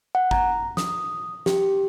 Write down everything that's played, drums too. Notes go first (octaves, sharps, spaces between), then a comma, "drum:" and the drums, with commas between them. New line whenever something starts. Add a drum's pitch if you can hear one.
F#5
A#5, drum: kick G#1
D#6, drum: snare
G4, drum: snare